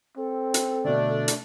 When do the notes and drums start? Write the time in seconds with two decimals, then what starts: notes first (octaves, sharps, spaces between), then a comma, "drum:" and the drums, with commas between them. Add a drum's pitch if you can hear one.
0.17 C4 A4
0.54 drum: hi-hat
0.85 B2 D3 A3 D4 D5
1.28 drum: hi-hat